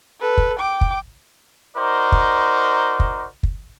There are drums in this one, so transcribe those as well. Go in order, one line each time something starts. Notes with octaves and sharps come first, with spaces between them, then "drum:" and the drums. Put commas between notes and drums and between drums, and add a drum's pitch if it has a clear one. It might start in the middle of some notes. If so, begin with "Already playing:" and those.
A4 B4
drum: kick
G5 D6
drum: kick
D#4 F#4 A#4 C5 D5
drum: kick
drum: kick
drum: kick